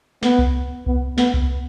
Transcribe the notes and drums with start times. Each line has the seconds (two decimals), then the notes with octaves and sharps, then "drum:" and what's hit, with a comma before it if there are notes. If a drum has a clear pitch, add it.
0.23 B3, drum: snare
0.39 drum: kick C2
0.86 B3, drum: kick C2
1.18 B3, drum: snare
1.34 drum: kick C2